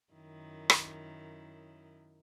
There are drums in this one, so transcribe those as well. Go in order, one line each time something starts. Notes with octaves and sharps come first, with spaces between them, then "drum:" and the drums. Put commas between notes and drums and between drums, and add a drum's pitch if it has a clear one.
F#2 D#3 E4
drum: rim click